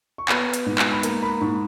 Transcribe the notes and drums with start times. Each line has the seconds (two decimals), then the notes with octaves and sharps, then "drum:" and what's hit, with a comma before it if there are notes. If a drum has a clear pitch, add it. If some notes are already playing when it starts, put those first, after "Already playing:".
0.18 C#6
0.29 B3 B5, drum: clap
0.54 drum: hi-hat
0.66 G#2
0.79 drum: clap
0.92 B5
1.03 A#3 A#5, drum: hi-hat
1.23 B5
1.41 G#2 C#6